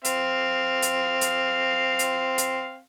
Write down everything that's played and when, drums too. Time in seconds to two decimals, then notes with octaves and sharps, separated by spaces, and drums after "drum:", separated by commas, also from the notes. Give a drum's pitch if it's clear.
0.05 C4 F5, drum: hi-hat
0.82 drum: hi-hat
1.21 drum: hi-hat
1.99 drum: hi-hat
2.38 drum: hi-hat